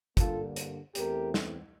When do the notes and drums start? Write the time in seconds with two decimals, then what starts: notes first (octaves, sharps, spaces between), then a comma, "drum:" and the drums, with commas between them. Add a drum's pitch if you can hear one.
0.17 G2 D3 G3 A#3 F4 A4, drum: kick, hi-hat
0.56 drum: hi-hat
0.95 E2 E3 A3 C4 G4 A#4, drum: hi-hat
1.34 drum: snare